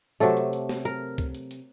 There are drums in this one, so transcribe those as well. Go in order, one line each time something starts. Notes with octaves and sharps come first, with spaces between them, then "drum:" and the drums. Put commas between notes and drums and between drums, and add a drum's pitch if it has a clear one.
C3 F#3 A3 A4
drum: hi-hat
drum: hi-hat
drum: snare
A#4, drum: hi-hat
drum: kick C#2, hi-hat
drum: hi-hat
drum: hi-hat